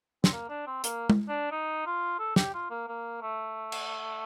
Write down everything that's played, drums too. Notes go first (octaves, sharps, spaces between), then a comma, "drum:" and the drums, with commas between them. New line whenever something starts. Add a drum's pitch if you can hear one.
C4, drum: snare
A#3
D4
C4
A#3, drum: hi-hat
drum: tom G#3
D4
D#4
F4
A4
G4, drum: snare
F4
A#3
A#3
A3
drum: cymbal